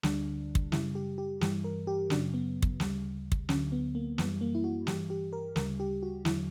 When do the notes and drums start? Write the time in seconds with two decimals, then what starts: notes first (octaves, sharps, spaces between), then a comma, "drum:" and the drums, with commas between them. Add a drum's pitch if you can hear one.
0.03 D2 D3 G3 D4, drum: snare
0.55 drum: kick
0.72 F#2 C#3 G3 E4, drum: snare
0.95 G4
1.18 G4
1.41 G2 E3 G3 G4, drum: snare
1.64 A#4
1.87 G4
2.10 F#2 C#3 F#3 D4, drum: snare
2.34 B3
2.62 drum: kick
2.80 D2 C#3 G3, drum: snare
3.32 drum: kick
3.49 D2 D3 F#3 C#4, drum: snare
3.72 B3
3.95 A#3
4.18 F#2 E3 G3 B3, drum: snare
4.41 A#3
4.55 E4
4.64 F#4
4.87 G2 E3 G3 G4, drum: snare
5.10 G4
5.33 A#4
5.56 D2 C#3 G3 A#4, drum: snare
5.80 G4
6.03 F#4
6.25 E2 D3 F#3 E4, drum: snare